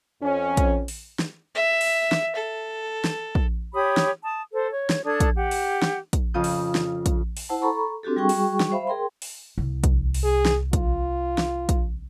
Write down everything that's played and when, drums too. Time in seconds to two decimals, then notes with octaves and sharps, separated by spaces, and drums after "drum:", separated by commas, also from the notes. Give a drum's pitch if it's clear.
0.22 F2 C#4
0.57 drum: kick, hi-hat
0.88 drum: open hi-hat
1.19 drum: snare
1.55 E5
1.81 drum: open hi-hat
2.12 drum: snare
2.36 A4
3.04 drum: snare
3.35 drum: kick
3.73 G4 C#5 B5 D#6
3.97 drum: snare
4.23 A5 D#6
4.53 A4 C5
4.73 C#5
4.90 drum: snare
5.05 D4 A4 D#6 G#6
5.20 drum: kick, hi-hat
5.36 G4 F#5
5.51 drum: open hi-hat
5.82 drum: snare
6.13 drum: kick, hi-hat
6.34 F2 C#3 F4 D#6 G6
6.44 drum: open hi-hat
6.75 drum: snare
7.06 drum: kick, hi-hat
7.37 drum: open hi-hat
7.49 E4 C5 F#5 A5
7.62 A4 A#5 B5 C#6
8.03 C4 D4 F#4 G4 A4
8.16 G3 F#4 G#4 G5 C#6
8.29 drum: open hi-hat
8.60 drum: snare
8.72 C5 E5 F5 B5
8.87 G#4 A#4 G5 C6
9.22 drum: open hi-hat
9.58 C2
9.84 drum: kick, hi-hat
10.14 drum: open hi-hat
10.24 G#4
10.45 drum: snare
10.73 F4, drum: kick, hi-hat
11.38 drum: snare
11.69 drum: kick, hi-hat